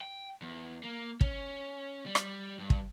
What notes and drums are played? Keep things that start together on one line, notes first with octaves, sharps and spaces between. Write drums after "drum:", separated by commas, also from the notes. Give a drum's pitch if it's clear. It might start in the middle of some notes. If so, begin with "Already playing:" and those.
G5
E2
A#3
C#4, drum: kick
G3
drum: rim click
G2
drum: kick